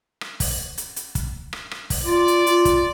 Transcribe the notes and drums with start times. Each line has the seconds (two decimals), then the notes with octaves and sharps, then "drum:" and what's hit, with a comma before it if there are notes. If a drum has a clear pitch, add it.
0.21 drum: rim click
0.40 drum: kick, open hi-hat
0.78 drum: hi-hat
0.96 drum: hi-hat
1.15 drum: kick, hi-hat
1.53 drum: rim click
1.71 drum: rim click
1.90 drum: kick, open hi-hat
2.05 F4 D5
2.28 drum: hi-hat
2.47 F4, drum: hi-hat
2.65 drum: kick, hi-hat